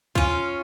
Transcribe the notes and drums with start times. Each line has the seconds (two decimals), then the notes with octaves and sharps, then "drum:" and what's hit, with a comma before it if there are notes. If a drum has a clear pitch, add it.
0.15 C#4 F4, drum: kick